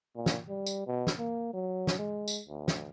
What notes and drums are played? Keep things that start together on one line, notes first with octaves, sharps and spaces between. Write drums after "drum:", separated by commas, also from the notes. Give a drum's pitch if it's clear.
A#2
drum: snare
G3
drum: tambourine
B2
drum: snare
A#3
F#3
drum: snare
G#3
drum: tambourine
D2
drum: snare